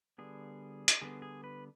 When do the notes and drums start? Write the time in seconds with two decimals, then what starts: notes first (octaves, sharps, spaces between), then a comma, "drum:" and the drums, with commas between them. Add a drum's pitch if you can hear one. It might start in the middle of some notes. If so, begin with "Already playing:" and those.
0.18 D3 G3 B3 G#4
0.88 drum: hi-hat
1.02 D3 G3 B3 G#4
1.22 G#4
1.44 B4